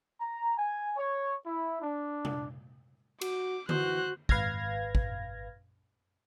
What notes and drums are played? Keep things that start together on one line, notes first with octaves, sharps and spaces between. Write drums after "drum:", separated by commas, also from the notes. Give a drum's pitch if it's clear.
A#5
G#5
C#5
E4
D4
drum: tom C3
F#4 D6, drum: cymbal
E3 F#4 C5 F#6, drum: tom D3
G#1 B4 F5 F6 G#6 A#6, drum: kick
drum: kick